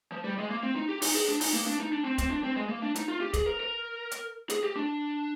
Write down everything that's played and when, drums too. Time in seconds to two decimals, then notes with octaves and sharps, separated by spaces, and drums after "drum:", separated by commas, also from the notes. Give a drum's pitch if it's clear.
0.12 F3
0.24 G3
0.38 G#3
0.51 A#3
0.63 C4
0.76 D#4
0.89 G4
1.02 D#4, drum: open hi-hat
1.14 G#4
1.28 D4
1.41 D#4, drum: open hi-hat
1.53 A#3
1.67 D4
1.80 D#4
1.92 D4
2.05 C4
2.18 C4, drum: kick, hi-hat
2.30 D4
2.43 C4
2.56 G#3
2.69 A#3
2.82 D4
2.95 D#4, drum: hi-hat
3.08 F4
3.21 G4
3.34 G#4, drum: kick, hi-hat
3.46 A#4
3.60 A#4
4.11 drum: hi-hat
4.50 G#4, drum: hi-hat
4.63 G4
4.76 D4